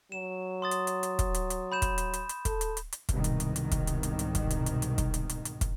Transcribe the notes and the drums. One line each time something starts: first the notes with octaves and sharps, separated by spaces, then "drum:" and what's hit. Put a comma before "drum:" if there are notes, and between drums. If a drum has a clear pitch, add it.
F#3 E7
C6 D#6 A6
drum: hi-hat
drum: hi-hat
drum: hi-hat
drum: kick, hi-hat
drum: hi-hat
drum: hi-hat
B5 G6 E7
drum: kick, hi-hat
drum: hi-hat
drum: hi-hat
drum: hi-hat
A4, drum: kick, hi-hat
drum: hi-hat
drum: hi-hat
drum: hi-hat
C2 G#2 B2 D#3, drum: kick, hi-hat
drum: hi-hat
drum: hi-hat
drum: hi-hat
drum: kick, hi-hat
drum: hi-hat
drum: hi-hat
drum: hi-hat
drum: kick, hi-hat
drum: hi-hat
drum: hi-hat
drum: hi-hat
drum: kick, hi-hat
drum: hi-hat
drum: hi-hat
drum: hi-hat
drum: kick, hi-hat